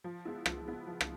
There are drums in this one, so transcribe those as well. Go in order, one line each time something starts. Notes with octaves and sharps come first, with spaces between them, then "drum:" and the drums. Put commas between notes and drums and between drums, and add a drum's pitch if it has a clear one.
F3
G#3 B3 E4
F3, drum: rim click
G#3 B3 E4
F3
drum: rim click